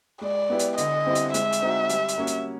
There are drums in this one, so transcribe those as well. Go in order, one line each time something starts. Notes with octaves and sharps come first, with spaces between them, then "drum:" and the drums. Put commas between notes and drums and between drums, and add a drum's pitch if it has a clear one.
G#3 D5
B3 E4 G4 B4
drum: hi-hat
D3 D#5, drum: hi-hat
G3 C4 E4
drum: hi-hat
G#3 E5, drum: hi-hat
drum: hi-hat
C4 D#4 F#4
G3, drum: hi-hat
drum: hi-hat
A#3 C#4 F#4
drum: hi-hat